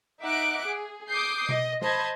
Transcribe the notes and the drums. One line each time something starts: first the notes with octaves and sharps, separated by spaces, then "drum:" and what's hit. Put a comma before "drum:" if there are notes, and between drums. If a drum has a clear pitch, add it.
D#4 E5 F#5 D6 F#6 D7
G#4
D6 D#6 G6 C7
D#5, drum: tom B2
C5 D#5 A5 B5 G#6, drum: snare